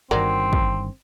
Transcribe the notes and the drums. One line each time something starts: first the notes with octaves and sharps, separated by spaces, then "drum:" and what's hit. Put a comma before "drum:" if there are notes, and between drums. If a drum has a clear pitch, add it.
G1 G2 D#3 F#3 C4 A#4 D5
drum: kick